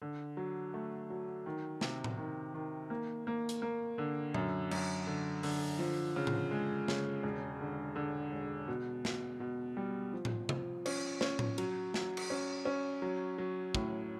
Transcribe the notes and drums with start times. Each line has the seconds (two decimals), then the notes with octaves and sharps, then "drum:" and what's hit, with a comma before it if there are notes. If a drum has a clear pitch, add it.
0.02 D3
0.37 F#3
0.74 A3
1.10 F#3
1.46 D#3
1.81 C3, drum: snare
2.04 drum: tom A2
2.18 D#3
2.54 D#3
2.90 A#3
3.27 A#3
3.49 drum: hi-hat
3.62 A#3
3.98 D3
4.34 F#2, drum: tom A#2
4.71 F#2, drum: cymbal
5.07 D3
5.43 D3, drum: open hi-hat
5.79 F3
6.16 C#3
6.27 drum: tom A2
6.51 G#3
6.88 C#3, drum: snare
7.23 E1
7.61 D3
7.96 D3
8.32 E1
8.68 B2
9.05 B2, drum: snare
9.40 B2
9.77 G3
10.13 F3
10.25 drum: tom A2
10.49 F3, drum: tom C3
10.86 C#4, drum: cymbal
11.21 C#4, drum: snare
11.39 drum: tom A2
11.58 F#3, drum: cymbal
11.94 F#3, drum: snare
12.17 drum: cymbal
12.30 C#4
12.65 C#4
13.02 F#3
13.38 F#3
13.75 A2, drum: kick